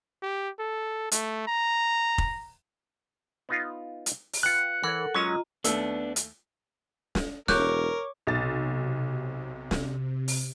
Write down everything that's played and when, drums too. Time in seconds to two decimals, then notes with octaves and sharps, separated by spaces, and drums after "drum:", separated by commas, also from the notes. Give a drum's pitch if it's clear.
0.22 G4
0.59 A4
1.12 A3, drum: hi-hat
1.47 A#5
2.18 drum: kick F1
3.49 B3 D#4 F4
4.06 drum: hi-hat
4.33 drum: open hi-hat
4.43 F4 B4 G5 F#6 C#7
4.83 E3 A4 A#4 C#5 F#5
5.14 F#3 G#3 C#4 F4 D#5 A#5
5.64 D#2 A3 B3 D4 E6, drum: hi-hat
6.16 drum: hi-hat
7.15 drum: snare
7.48 E1 A#4 C#5 C#6 D6 F#6 G6, drum: snare
8.27 B1 C3 A6
9.71 drum: snare
10.28 drum: open hi-hat